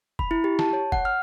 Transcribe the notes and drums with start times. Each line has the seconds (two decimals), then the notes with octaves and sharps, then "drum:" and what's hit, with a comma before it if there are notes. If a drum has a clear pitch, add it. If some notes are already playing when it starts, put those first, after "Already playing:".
0.19 B5, drum: kick
0.31 E4
0.44 G4
0.59 A5, drum: snare
0.73 C#5
0.92 F#5, drum: kick
1.05 F6